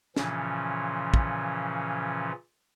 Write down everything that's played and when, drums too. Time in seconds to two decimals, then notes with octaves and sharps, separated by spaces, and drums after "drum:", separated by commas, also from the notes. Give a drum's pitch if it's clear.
0.16 A#2 C#3 E3 F3 C#4, drum: snare
1.14 drum: kick